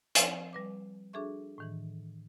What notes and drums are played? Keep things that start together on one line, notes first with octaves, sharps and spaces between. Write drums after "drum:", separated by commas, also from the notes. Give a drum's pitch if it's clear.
F3 C4 D5, drum: hi-hat
G3 B4 D6
D4 F#4 G#4 A4 E5 C#6
A2 D#3 E3